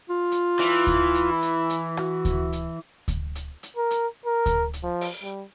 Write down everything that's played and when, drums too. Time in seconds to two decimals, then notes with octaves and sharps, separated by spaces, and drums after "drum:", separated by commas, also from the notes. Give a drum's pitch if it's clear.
0.10 F4
0.32 drum: hi-hat
0.59 E3, drum: open hi-hat
0.87 drum: kick D2, hi-hat
1.14 drum: hi-hat
1.31 E4
1.42 drum: hi-hat
1.70 drum: hi-hat
1.97 F#4, drum: rim click
2.25 drum: kick D2, hi-hat
2.53 drum: hi-hat
3.08 drum: kick D2, hi-hat
3.35 drum: hi-hat
3.63 drum: hi-hat
3.77 A#4
3.91 drum: hi-hat
4.26 A#4
4.46 drum: kick D2, hi-hat
4.73 drum: hi-hat
4.83 F3
5.01 drum: open hi-hat
5.23 G3